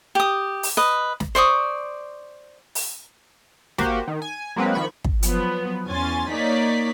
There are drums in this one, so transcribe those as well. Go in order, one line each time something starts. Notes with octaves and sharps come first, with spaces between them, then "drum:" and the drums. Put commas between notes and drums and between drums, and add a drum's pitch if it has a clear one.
G4 D#6
drum: open hi-hat
B4 D#5
drum: snare
C5 D5 C#6 D#6
drum: open hi-hat
A#3 F#4 G4 C5, drum: snare
D#3
G#5
F#3 G#3 A#3 C4 B4
D#3 F3 B5 C#6
drum: kick
F3 F#3 B3, drum: hi-hat
E2 C#4 G#5 C6 A6
A#3 D#4 C#5 D5 B6